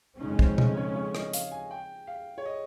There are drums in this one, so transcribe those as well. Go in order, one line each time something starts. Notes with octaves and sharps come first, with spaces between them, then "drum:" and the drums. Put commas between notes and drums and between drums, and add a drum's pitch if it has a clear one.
F2 C#3 G#3 C#4 D#4
C5, drum: kick
D#5, drum: tom B2
C#5
C#5
D#5, drum: rim click
F5, drum: hi-hat
G#5
G5
F5
C#5
D#5